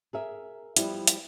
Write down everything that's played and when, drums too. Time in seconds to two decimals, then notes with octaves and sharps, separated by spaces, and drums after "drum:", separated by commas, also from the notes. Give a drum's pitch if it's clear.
0.13 G#4 A#4 E5
0.76 F3 G3 B3 E4, drum: hi-hat
1.07 drum: hi-hat